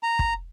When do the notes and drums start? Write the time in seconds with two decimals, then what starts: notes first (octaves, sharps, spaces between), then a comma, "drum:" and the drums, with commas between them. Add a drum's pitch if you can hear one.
0.03 A#5
0.19 drum: kick